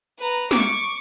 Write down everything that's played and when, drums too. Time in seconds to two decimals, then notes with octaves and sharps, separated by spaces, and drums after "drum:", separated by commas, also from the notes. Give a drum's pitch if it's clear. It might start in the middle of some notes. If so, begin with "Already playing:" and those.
0.19 B4 A#5
0.51 C#6 D6, drum: snare